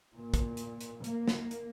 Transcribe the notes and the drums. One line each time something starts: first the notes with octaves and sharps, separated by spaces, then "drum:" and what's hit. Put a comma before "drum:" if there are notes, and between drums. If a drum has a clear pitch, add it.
A#2
drum: kick, hi-hat
drum: hi-hat
drum: hi-hat
A#3, drum: hi-hat
drum: snare
drum: hi-hat